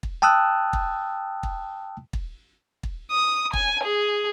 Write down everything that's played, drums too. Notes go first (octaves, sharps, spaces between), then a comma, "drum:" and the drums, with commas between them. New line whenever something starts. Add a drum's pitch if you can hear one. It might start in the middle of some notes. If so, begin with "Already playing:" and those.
drum: kick
G5 A5 D#6 E6 F#6
drum: kick
drum: kick
drum: kick
drum: kick
D#6
G#5, drum: kick
G#4